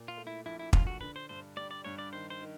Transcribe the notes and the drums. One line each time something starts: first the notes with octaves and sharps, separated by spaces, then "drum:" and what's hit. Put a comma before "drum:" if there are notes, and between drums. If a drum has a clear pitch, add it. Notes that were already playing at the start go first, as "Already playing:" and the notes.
Already playing: A#2
F4
A3
E4
A#1 E4
E4
A#1 F4, drum: kick
F#4
D3 B4
C5
G2 C5
G3 D5
D5
G2 C#5
D5
D#3 C5
C5
D#3